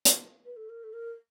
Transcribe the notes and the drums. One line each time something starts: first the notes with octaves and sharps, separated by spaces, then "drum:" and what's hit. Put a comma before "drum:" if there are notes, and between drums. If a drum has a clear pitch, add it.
drum: hi-hat
B4
A4
A#4
A4
A#4